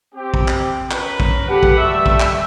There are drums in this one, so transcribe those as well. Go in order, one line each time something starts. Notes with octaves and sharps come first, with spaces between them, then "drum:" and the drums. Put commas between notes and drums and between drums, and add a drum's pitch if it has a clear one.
C4 G4
drum: kick A#1
drum: clap
C#4 A#4 B4, drum: clap
drum: kick A#1
G4 A4 B4 F#5
drum: kick A#1
G3 A3 E5
drum: kick A#1
drum: clap